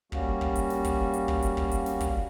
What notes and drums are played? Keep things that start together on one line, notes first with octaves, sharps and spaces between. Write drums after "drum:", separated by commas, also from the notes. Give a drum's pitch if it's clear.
G3 A#3 C#4 F#4, drum: kick
drum: kick
drum: hi-hat
drum: snare
drum: kick, hi-hat
drum: hi-hat
drum: kick
drum: hi-hat
drum: kick
drum: hi-hat
drum: snare
drum: kick, hi-hat